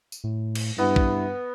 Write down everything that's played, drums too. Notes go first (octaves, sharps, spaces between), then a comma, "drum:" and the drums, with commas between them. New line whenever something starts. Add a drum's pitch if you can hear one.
drum: tambourine
A2
drum: cymbal
G2 B3 E4
drum: kick A#1